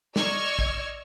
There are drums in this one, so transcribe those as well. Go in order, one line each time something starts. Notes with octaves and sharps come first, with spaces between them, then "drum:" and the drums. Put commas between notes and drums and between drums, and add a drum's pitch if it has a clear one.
D5 D#5 C#6 E6 F6 G#6, drum: snare
drum: kick